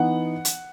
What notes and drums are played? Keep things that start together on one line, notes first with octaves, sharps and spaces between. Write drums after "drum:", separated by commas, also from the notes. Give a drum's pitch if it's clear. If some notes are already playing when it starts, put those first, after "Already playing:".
Already playing: E3 B3 D#4 F#5
drum: hi-hat